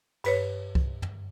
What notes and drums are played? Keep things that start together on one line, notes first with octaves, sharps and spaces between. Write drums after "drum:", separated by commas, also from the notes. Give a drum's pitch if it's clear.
G2 B4 C#5, drum: cymbal
drum: kick C2
drum: tom